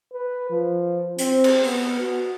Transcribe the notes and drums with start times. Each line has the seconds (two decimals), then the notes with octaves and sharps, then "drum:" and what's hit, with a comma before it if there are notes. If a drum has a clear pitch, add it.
0.13 B4
0.51 F3
1.18 C4, drum: hi-hat
1.44 drum: cymbal
1.64 B3, drum: open hi-hat
2.00 F#4